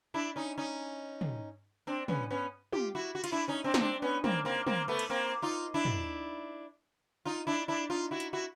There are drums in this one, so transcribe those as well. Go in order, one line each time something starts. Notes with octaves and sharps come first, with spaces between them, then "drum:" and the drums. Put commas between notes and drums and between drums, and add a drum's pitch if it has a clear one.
D4 E4
C#4 D#4
C#4 D#4
drum: tom
C4 D4
B3 C#4, drum: tom
B3 C#4
F4 G4, drum: tom
E4 F#4
F#4
F4, drum: cymbal
D4 E4
C#4 D#4
C4 D4
D#4, drum: snare
C4 D4
B3 C#4
A#3 C4, drum: tom
A#3 C4
A#3 C4, drum: tom
A3 B3
drum: cymbal
A#3 C4
D#4 F4
D4 E4
drum: tom
D#4 F4
D4 E4
D4 E4
D#4 F4
E4 F#4
drum: hi-hat
E4 F#4